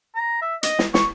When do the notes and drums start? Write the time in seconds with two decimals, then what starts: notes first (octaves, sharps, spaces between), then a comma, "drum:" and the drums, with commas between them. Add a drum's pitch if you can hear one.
0.15 A#5
0.42 E5
0.63 D#5, drum: hi-hat
0.79 drum: snare
0.94 C#6, drum: snare